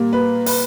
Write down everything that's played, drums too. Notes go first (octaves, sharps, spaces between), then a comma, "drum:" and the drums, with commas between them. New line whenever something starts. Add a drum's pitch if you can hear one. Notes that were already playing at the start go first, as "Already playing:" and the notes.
Already playing: A#2 G3 A#3
B4
B4, drum: open hi-hat